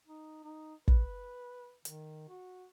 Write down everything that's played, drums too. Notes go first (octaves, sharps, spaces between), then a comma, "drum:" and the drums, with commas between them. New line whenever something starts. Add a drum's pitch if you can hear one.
D#4
D#4
B4, drum: kick
D#3, drum: hi-hat
F#4